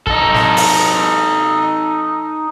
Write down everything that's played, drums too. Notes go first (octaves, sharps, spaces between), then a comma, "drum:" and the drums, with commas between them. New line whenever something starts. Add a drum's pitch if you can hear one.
D#4 A4, drum: kick
drum: snare
drum: open hi-hat